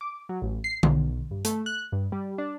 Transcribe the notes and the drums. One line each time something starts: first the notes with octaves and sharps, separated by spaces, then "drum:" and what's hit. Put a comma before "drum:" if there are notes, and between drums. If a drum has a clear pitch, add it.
D6
F#3
A1
C7
B1, drum: tom D3
G2
A3, drum: hi-hat
F#6
G2
G3
D4